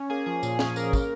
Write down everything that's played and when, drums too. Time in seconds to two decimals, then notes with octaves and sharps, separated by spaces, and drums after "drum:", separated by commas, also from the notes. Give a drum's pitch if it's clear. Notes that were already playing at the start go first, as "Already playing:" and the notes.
Already playing: C#4
0.10 A#3 G#4
0.26 F3 G#4
0.43 A#2 G#4, drum: tambourine
0.59 C#4 G#4, drum: snare
0.76 A#3 A#4, drum: tambourine
0.93 C#3, drum: kick, tambourine